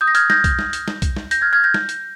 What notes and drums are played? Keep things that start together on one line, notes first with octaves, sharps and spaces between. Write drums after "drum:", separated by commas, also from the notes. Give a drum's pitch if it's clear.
D#6 G6
A#6
F6 G#6, drum: hi-hat
G6 A#6, drum: snare
drum: kick B1, hi-hat
drum: snare
drum: hi-hat
drum: snare
drum: kick B1, hi-hat
drum: snare
G6 A#6, drum: hi-hat
F6 G#6
F6 G#6
G6 A#6
drum: snare
drum: hi-hat